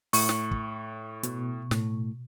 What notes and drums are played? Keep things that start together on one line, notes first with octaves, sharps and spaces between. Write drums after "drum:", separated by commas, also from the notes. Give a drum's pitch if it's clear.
A2 C#6, drum: open hi-hat
drum: snare
drum: kick
B2, drum: hi-hat
A2, drum: snare